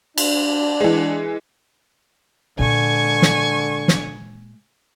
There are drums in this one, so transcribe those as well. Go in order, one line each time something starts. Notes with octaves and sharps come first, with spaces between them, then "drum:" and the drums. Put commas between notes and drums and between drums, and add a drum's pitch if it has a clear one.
D4, drum: cymbal
E3 G#3
A#2 D3 G#3 G#5 C#6
drum: snare
drum: snare